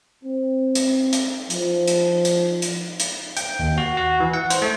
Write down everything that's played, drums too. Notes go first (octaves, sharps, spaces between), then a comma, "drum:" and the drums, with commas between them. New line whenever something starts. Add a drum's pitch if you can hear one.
C4
drum: hi-hat
drum: hi-hat
F3, drum: hi-hat
drum: hi-hat
drum: hi-hat
drum: hi-hat
drum: hi-hat
G5, drum: hi-hat
D#2
F#4
F#4
E3
F#5
C5, drum: hi-hat
A3